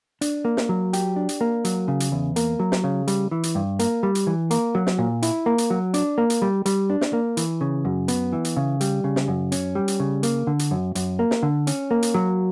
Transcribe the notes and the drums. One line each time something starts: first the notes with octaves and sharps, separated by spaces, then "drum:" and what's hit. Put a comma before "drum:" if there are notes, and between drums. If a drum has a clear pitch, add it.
D4, drum: hi-hat
A#3
drum: snare
F#3
G4, drum: hi-hat
D4
drum: hi-hat
A#3
F#3, drum: hi-hat
C#3
drum: hi-hat
E2
A#3, drum: hi-hat
F#3
drum: snare
C#3
G3, drum: hi-hat
E3
drum: hi-hat
G2
A#3, drum: hi-hat
G3
drum: hi-hat
E3
A#3, drum: hi-hat
F#3
drum: snare
A#2
E4, drum: hi-hat
A#3
drum: hi-hat
F#3
D4, drum: hi-hat
A#3
drum: hi-hat
G3
G3, drum: hi-hat
D4
drum: snare
A#3
E3, drum: hi-hat
C#3
F#2
B3, drum: hi-hat
E3
drum: hi-hat
C#3
G3, drum: hi-hat
C#3
drum: snare
F#2
C#4, drum: hi-hat
G3
drum: hi-hat
C#3
A#3, drum: hi-hat
D3
drum: hi-hat
F#2
F#2, drum: hi-hat
A#3
drum: snare
D3
C#4, drum: hi-hat
A#3
drum: hi-hat
F#3